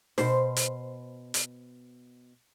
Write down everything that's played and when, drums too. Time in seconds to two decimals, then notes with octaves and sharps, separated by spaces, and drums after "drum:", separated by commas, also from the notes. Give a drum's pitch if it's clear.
0.18 B2 C5, drum: snare
0.56 drum: hi-hat
1.34 drum: hi-hat